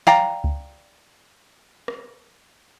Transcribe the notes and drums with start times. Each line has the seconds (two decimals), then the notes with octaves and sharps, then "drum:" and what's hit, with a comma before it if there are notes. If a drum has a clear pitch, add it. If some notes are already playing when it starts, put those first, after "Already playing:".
0.07 D5 F5 G5 A#5, drum: snare
0.44 drum: kick C#2
1.88 drum: rim click